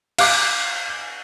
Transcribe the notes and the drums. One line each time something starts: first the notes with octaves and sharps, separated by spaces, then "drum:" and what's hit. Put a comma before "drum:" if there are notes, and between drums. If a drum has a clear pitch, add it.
F5 D6, drum: cymbal